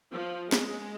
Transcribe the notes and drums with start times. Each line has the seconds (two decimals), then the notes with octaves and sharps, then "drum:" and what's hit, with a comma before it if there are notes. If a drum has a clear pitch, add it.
0.12 F3
0.52 G#3, drum: snare